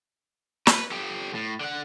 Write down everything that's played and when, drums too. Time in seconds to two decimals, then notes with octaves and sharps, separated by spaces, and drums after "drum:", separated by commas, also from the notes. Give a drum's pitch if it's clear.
0.67 B4, drum: snare
0.91 G4 A4
1.34 A2
1.61 D3 F#5